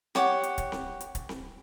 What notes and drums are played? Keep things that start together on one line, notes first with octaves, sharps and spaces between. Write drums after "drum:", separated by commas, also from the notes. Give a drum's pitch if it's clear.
G4 C#5 F#5 D6, drum: snare C4
drum: hi-hat
drum: kick, hi-hat
drum: snare C4
drum: hi-hat
drum: kick, hi-hat
drum: snare C4